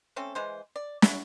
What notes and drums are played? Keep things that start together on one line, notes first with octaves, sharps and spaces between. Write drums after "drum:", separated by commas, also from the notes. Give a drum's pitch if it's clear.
A3 C4 C#4 A4
E3 G#3 C5
D5
C#4 E4 F#4, drum: snare